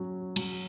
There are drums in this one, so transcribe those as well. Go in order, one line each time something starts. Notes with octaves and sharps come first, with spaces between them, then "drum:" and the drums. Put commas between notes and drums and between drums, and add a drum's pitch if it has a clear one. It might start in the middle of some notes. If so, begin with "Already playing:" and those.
Already playing: F#3 C#4
F#3, drum: cymbal